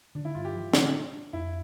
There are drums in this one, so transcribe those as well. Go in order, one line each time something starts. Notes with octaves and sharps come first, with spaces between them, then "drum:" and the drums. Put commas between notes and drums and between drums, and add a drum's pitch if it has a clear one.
D3 D4
E4
G2 F4
G4
F3
D3, drum: snare
D4
D4
F2 E4